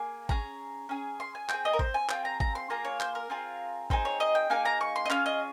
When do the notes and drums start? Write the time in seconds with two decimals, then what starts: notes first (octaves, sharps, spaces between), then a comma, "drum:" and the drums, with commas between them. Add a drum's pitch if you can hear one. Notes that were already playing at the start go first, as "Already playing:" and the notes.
Already playing: A#3 G#4 G#5
0.29 C#4 G#4 A#5, drum: kick G#1
0.89 C#4 G#4
1.20 C6
1.35 G#5
1.49 C4 F4 G#4 G5, drum: clap
1.65 D#5
1.73 A#4
1.79 C5, drum: kick G#1
1.94 G#5
2.09 C4 F4 G#4 G5, drum: clap
2.25 A#5
2.40 A#5, drum: kick G#1
2.55 C6
2.70 A#3 F4 G#4 A#5
2.85 C#5
3.00 C5, drum: clap
3.15 A#4
3.30 C4 F4 G#4
3.90 C4 D#4 G#4 C5, drum: kick G#1
4.05 C#5
4.20 D#5
4.35 G5
4.50 A#3 D#4 G#4 G#5
4.65 A#5
4.81 C#6
4.96 C6
5.06 D#5
5.10 C#4 F4 G#4 F5, drum: clap
5.26 D#5